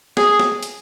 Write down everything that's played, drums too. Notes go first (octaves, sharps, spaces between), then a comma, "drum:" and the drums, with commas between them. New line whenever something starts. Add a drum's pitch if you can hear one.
G#4, drum: snare
drum: snare
drum: hi-hat